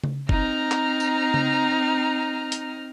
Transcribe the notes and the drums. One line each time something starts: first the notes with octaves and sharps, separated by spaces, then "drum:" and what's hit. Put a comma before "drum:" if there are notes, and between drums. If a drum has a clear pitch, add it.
drum: tom C#3
C4 D#4 A#5 F6, drum: kick
drum: clap
drum: tambourine
drum: tom C#3
drum: hi-hat